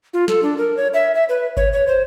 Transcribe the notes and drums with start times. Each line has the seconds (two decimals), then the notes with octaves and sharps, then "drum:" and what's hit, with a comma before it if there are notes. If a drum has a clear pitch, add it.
0.14 F4
0.28 A4, drum: snare
0.43 D4
0.58 A#4
0.77 C#5
0.94 E5
1.15 E5
1.29 B4
1.57 C#5, drum: kick G1
1.73 C#5
1.87 C5